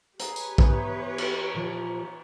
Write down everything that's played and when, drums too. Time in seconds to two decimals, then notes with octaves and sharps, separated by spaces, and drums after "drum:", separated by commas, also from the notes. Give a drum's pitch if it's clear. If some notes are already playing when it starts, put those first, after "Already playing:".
0.20 G4 G#4 B4 C#5 A#5, drum: hi-hat
0.36 drum: tambourine
0.58 E3 B3 D#4, drum: kick
1.18 drum: cymbal
1.54 A#2 F3